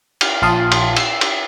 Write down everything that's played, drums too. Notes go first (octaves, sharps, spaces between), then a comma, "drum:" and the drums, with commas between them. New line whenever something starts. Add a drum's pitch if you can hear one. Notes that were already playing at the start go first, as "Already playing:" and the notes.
F6, drum: cymbal
A#1 F4 F5 A5 C6 D#6
drum: cymbal
E6 C7, drum: cymbal
drum: cymbal